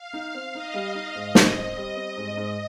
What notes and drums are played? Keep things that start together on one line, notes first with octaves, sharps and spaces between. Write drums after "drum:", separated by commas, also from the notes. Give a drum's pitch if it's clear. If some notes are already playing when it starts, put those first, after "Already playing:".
Already playing: F5
D#4
C4
D#4 D#5
G3
D#4
G#2 D#5
C4, drum: snare
C4
G3
C4
G#2
G#2 D#5